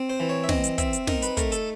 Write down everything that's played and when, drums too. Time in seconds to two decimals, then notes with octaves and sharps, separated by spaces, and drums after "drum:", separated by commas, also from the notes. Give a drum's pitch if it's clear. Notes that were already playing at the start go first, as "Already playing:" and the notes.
Already playing: C4
0.10 C5
0.20 E3
0.29 C#5
0.44 E5
0.49 C4 D#5, drum: snare
0.64 drum: hi-hat
0.78 C4 E5, drum: kick, hi-hat
0.93 drum: hi-hat
1.07 D#4 A#4, drum: snare
1.22 B4, drum: hi-hat
1.37 A3 A#4, drum: kick, hi-hat
1.52 A4, drum: hi-hat